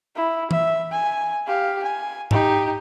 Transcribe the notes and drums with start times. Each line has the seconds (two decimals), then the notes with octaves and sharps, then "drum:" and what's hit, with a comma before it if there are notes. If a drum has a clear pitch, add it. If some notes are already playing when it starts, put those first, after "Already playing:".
0.16 E4
0.51 E5, drum: tom E3
0.92 G#5
1.47 G4 F5
1.83 G#5
2.31 D#4 G4, drum: tom G#2